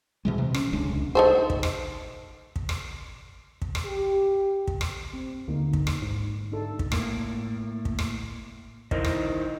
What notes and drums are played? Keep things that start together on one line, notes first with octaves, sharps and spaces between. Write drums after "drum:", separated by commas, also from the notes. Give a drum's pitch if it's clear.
B2 E3 G#3
C3
C#4, drum: rim click
D#1 C#2 G#3 D4
C#2
D#4 A4 C5
drum: kick
drum: rim click
drum: kick
drum: rim click
drum: kick
drum: rim click
G4
drum: kick
drum: rim click
C4
D2 D3 A#3 D#4
drum: kick
drum: rim click
G#2
D4 D#4 A4
drum: kick
A2 A#3, drum: rim click
drum: kick
drum: rim click
D#4 E4 A#4 C5 D#5, drum: kick
drum: rim click